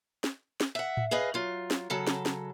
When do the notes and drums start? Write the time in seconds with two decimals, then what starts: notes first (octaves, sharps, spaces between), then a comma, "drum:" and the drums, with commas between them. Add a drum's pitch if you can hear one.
0.24 drum: snare
0.61 drum: snare
0.75 E5 F#5
0.97 drum: tom A2
1.11 G#4 B4 D#5 F5
1.34 F#3 F4
1.71 drum: snare
1.90 C#3 F#3 A4
2.07 drum: snare
2.26 drum: snare